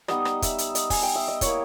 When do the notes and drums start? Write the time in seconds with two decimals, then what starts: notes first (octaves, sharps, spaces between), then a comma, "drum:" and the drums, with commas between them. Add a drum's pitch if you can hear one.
0.08 G3 B3 D#4 D#5, drum: rim click
0.25 drum: rim click
0.42 E5, drum: kick, hi-hat
0.58 drum: hi-hat
0.75 D#5, drum: hi-hat
0.90 G#5, drum: kick, open hi-hat
1.03 G5
1.16 E5
1.28 D#5
1.41 A#3 E4 C#5, drum: kick, hi-hat